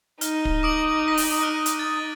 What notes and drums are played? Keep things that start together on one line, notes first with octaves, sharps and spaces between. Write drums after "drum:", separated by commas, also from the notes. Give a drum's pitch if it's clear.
D#4 F6, drum: hi-hat
drum: kick
D6 D#6 D7 F#7
B6
drum: open hi-hat
F6 F#6 D7
drum: hi-hat
A6